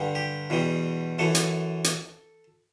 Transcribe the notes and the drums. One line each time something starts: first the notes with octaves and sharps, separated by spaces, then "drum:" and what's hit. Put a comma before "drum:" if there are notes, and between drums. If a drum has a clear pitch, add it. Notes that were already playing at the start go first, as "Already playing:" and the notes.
Already playing: G2 D3 G3
G4
E2 B2 G3
F#2 E3 A3 A4
drum: hi-hat
drum: hi-hat